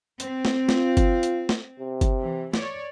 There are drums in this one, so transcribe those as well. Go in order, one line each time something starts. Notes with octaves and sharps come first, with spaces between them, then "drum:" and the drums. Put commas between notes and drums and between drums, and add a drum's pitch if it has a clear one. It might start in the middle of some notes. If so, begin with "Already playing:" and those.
C4, drum: hi-hat
drum: snare
F4, drum: snare
drum: kick G1, hi-hat
drum: hi-hat
drum: snare
C3
drum: kick G1, hi-hat
E3
C#5 D5, drum: snare